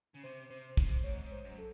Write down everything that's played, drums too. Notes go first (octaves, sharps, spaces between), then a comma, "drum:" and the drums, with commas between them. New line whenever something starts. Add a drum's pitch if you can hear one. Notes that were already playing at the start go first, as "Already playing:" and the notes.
C#3
C3 C5
C3 C5
C3 C5, drum: kick
G#2 C#5
G#2
C5
F#2
A4